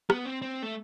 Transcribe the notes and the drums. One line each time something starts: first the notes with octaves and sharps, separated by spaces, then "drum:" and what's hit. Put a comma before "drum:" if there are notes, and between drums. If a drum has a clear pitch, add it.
B3, drum: rim click
C4
C4
A3